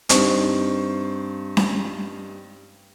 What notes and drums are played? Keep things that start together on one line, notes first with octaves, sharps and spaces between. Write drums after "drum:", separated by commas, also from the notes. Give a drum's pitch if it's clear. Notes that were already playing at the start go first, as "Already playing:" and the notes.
G2 C4 D#4 C#6, drum: hi-hat
drum: snare C#4